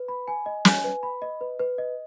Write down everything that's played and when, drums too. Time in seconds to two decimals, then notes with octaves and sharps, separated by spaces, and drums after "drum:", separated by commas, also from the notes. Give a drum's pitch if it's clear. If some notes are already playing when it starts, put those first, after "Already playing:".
Already playing: B4
0.08 B5
0.28 G#5
0.46 D#5
0.65 G#5, drum: snare
0.84 B4
1.03 B5
1.22 D#5
1.41 B4
1.59 B4
1.78 D#5